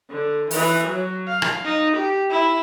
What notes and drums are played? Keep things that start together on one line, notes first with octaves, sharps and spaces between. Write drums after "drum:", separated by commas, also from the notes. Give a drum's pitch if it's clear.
D3
E3, drum: open hi-hat
F#3
F5
drum: rim click
D#4
G4
E4